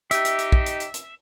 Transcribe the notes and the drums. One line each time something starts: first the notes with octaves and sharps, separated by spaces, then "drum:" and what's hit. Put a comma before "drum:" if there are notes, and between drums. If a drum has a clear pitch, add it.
D#4 G4 E5, drum: hi-hat
drum: hi-hat
drum: hi-hat
drum: kick
drum: hi-hat
drum: hi-hat
drum: hi-hat